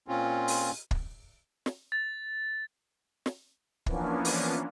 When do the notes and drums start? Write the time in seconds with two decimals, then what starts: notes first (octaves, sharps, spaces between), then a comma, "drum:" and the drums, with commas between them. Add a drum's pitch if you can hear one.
0.08 A#2 C4 C#4 F4
0.48 drum: open hi-hat
0.91 drum: kick
1.66 drum: snare
1.92 A6
3.26 drum: snare
3.86 E3 F3 A#3 B3 C#4 D4, drum: kick
4.25 drum: open hi-hat